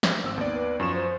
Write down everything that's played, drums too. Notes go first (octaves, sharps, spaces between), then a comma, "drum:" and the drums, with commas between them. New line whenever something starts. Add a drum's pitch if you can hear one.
drum: snare
G#1 C4 E6
D#2 B3 D5
B4
F#2 F3 C#6 E7
C5